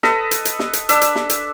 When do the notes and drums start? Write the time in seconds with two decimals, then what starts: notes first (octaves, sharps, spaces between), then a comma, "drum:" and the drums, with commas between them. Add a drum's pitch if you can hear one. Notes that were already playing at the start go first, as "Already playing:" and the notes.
0.03 A4 B4 D#5, drum: snare
0.31 drum: hi-hat
0.45 drum: hi-hat
0.59 drum: snare
0.73 drum: hi-hat
0.89 D4 E5 E6, drum: hi-hat
1.01 drum: hi-hat
1.15 drum: snare
1.30 drum: hi-hat